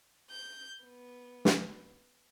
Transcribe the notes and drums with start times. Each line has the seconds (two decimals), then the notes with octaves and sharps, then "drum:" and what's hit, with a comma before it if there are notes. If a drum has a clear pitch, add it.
0.30 G6
0.85 B3
1.45 drum: snare